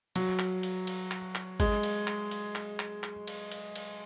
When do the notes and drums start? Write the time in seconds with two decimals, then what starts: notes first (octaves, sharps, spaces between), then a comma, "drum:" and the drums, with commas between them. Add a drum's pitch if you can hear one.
0.16 F#3, drum: cymbal
0.39 drum: clap
0.63 drum: cymbal
0.87 drum: cymbal
1.11 drum: clap
1.35 drum: clap
1.60 G#3, drum: kick G#1, cymbal
1.83 drum: cymbal
2.07 drum: clap
2.31 drum: cymbal
2.55 drum: clap
2.79 drum: clap
3.03 drum: clap
3.27 drum: cymbal
3.52 drum: cymbal
3.76 drum: cymbal